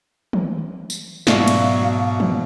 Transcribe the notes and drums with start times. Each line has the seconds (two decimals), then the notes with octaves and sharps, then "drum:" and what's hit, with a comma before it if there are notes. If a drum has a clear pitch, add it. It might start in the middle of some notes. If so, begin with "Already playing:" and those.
0.33 drum: tom D#3
0.90 drum: tambourine
1.27 G#2 B2 F#3 D5 E5 F5 C#6, drum: snare
1.48 drum: cymbal
2.20 drum: tom D#3